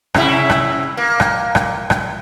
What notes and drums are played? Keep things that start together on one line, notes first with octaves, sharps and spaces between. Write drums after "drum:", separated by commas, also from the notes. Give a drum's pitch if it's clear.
C3 C#4 E4, drum: rim click
drum: rim click
A#3
drum: rim click
drum: rim click
drum: rim click